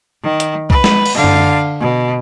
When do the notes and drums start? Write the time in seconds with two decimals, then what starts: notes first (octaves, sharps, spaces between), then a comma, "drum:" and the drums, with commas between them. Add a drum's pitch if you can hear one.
0.23 D#3
0.40 drum: hi-hat
0.70 B4, drum: kick C2
0.84 drum: snare
1.06 drum: cymbal
1.15 D3 F5
1.24 drum: tom F#2
1.80 B2